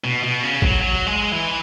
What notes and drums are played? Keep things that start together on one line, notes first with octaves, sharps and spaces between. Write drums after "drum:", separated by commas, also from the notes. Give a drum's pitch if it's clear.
B2
B2
C#3
F#3, drum: kick G#1
F#3
G#3
E3